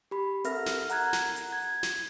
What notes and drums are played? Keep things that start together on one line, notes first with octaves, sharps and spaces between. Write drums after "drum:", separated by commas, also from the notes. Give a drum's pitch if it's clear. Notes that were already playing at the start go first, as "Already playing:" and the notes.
G4 B5
C4 A4 A#4 E5 F6 A#6, drum: hi-hat
drum: snare
F#5 A#5 F#6 G#6, drum: hi-hat
drum: snare
drum: hi-hat
G#6
drum: snare